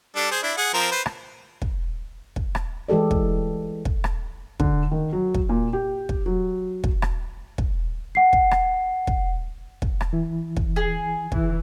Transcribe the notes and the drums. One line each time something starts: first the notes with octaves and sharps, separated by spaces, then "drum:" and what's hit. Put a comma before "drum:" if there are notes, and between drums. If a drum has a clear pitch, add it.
G3 D4 A4
G#4 C5
D4 E4
G#4 F#5
F3 C4 A#4
B4 C5
drum: rim click
drum: kick
drum: kick
drum: rim click
E3 G#3 G4 A4 D5
drum: kick
drum: kick
drum: rim click
D3, drum: kick
D#3
F#3
drum: kick
A#2
G4
drum: kick
F#3
drum: kick
drum: rim click
drum: kick
F#5 C7
drum: kick
drum: rim click
drum: kick
drum: kick
drum: rim click
E3 E4
drum: kick
G#4
E3, drum: kick